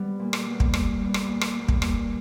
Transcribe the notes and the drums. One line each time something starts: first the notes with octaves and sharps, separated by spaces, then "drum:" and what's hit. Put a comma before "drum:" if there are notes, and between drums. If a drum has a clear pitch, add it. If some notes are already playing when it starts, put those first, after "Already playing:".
Already playing: G3 B3
A#2
drum: rim click
G3 B3
drum: kick
A#2, drum: rim click
G3 B3
drum: rim click
A#2
drum: rim click
B3
G3
drum: kick
A#2, drum: rim click